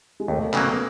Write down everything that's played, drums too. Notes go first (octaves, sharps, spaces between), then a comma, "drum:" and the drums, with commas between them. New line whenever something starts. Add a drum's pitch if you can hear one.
G#3
D#2 A3
C#3 F#3 A#3 B3, drum: clap
B3